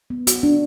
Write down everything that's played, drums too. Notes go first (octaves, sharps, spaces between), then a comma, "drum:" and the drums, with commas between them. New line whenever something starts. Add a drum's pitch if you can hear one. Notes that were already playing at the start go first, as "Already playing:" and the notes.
B3
F#4, drum: hi-hat
D4